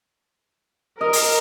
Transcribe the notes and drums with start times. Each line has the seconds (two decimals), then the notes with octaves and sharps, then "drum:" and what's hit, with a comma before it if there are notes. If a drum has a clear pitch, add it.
1.01 A#4 D#5
1.13 drum: open hi-hat